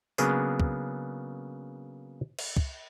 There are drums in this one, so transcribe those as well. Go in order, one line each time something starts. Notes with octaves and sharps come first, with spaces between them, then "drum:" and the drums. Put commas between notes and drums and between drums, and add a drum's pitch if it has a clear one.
C#3 F#3 A#3 B3 D4 G#4, drum: tambourine
drum: kick
drum: cymbal
drum: kick